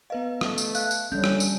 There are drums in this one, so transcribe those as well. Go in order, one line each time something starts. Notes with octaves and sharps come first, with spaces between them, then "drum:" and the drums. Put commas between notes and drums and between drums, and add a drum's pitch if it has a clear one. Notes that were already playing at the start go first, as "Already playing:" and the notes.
B3 B4 D#5 F5
A3, drum: rim click
drum: tambourine
F5 F#6, drum: tambourine
drum: tambourine
D3 G3 A#3 C#4 G6
drum: rim click
drum: tambourine